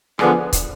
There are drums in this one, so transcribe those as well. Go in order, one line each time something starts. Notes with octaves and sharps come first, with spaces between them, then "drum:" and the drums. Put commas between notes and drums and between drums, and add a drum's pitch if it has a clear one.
D3 F3 B3 D4 G#4, drum: rim click
drum: kick, hi-hat